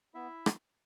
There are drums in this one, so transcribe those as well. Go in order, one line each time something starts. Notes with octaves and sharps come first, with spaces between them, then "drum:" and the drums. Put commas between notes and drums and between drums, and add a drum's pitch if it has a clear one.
B3 E4 E5
drum: rim click